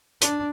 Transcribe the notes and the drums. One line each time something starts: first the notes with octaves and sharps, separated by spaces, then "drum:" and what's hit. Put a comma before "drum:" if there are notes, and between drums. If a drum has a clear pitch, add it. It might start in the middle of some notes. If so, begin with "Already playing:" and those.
D4, drum: hi-hat